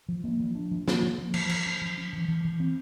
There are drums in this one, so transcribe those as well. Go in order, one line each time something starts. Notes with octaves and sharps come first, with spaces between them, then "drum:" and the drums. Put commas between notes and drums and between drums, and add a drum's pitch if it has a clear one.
F3
A#3
F3
D4
F3
A#3, drum: snare
F3
A#3
F3, drum: cymbal
F3, drum: cymbal
C#4
F3
C#4
E3
E3
E3
C4